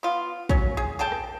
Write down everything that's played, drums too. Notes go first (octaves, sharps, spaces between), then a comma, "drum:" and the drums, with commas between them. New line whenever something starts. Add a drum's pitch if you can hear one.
B3 F4
F#3 C#4, drum: kick
G#4
G#4 A4 G5 A5
drum: rim click